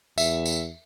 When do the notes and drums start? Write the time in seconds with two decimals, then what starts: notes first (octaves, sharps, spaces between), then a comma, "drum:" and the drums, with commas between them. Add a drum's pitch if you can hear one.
0.18 E2 E5, drum: tambourine
0.46 drum: tambourine